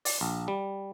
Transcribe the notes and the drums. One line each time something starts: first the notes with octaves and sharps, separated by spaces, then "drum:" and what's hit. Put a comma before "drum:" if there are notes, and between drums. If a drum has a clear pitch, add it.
D5, drum: open hi-hat
A#1
G3